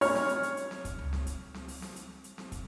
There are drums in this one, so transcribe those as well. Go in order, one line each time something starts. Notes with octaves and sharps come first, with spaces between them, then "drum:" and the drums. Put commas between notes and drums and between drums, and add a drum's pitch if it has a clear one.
C#5 F6, drum: open hi-hat
drum: snare C4
drum: hi-hat
drum: hi-hat
drum: hi-hat
drum: snare C4
drum: kick, hi-hat
drum: tom C#2
drum: snare C4
drum: hi-hat
drum: snare C4
drum: open hi-hat
drum: snare C4
drum: hi-hat
drum: hi-hat
drum: snare C4
drum: kick, hi-hat